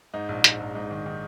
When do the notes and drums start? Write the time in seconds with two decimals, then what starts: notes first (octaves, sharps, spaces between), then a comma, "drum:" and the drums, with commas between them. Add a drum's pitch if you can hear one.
0.14 G#2 D#4
0.29 A#1
0.44 G#2, drum: hi-hat
0.60 A#1
0.75 G#2 D#4
0.91 D#3
1.06 D#3